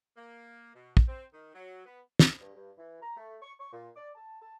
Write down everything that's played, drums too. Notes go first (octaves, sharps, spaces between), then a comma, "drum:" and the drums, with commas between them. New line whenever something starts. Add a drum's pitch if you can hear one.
A#3
B2
drum: kick
C4
D#3
F#3
B3
drum: snare
G2
G2
E3
A#5
A3
C#6
C#6
A#2
D5
A5
A5